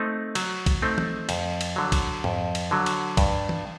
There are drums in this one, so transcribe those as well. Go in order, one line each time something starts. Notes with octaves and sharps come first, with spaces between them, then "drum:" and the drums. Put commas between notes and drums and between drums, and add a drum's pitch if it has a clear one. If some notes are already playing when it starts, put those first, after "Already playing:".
Already playing: A3 C4 D#4
F#3, drum: cymbal
drum: kick A#1, cymbal
A3 C4 D#4
drum: tom
F2, drum: cymbal
drum: cymbal
D3 F#3
drum: kick A#1, cymbal
F2, drum: tom G#2
drum: cymbal
D3 F#3
drum: cymbal
G2, drum: kick A#1, cymbal
drum: tom